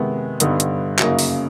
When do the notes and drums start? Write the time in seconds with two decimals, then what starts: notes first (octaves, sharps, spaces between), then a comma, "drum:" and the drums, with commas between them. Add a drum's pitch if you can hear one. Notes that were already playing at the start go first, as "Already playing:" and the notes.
Already playing: C3 D#3 G#3 B3
0.40 G2 D3 G3 B3 D#4, drum: hi-hat
0.60 drum: hi-hat
0.99 F#2 C#3 F#3 A#3 D#4, drum: clap
1.19 drum: open hi-hat